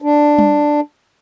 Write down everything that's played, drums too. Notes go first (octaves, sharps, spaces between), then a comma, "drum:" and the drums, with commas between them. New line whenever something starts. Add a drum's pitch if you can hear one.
D4
drum: tom G3